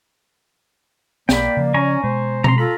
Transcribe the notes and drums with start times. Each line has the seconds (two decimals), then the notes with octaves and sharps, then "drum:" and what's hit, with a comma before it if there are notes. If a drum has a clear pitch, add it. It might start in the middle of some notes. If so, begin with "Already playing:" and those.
1.29 B1 A#3 D5 G5 B5, drum: snare
1.57 C#3 F3
1.74 C#4 G#5 A#5 C#6
2.04 B2 G#3 C5
2.44 C4 A#5 C6, drum: tom B2
2.58 F4 A4 A#5 B5